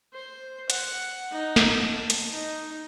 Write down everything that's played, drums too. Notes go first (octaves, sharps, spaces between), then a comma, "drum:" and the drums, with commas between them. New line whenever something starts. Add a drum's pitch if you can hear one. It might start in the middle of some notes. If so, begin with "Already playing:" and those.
C5
F#5, drum: hi-hat
D#4
drum: snare
A5
drum: hi-hat
D#4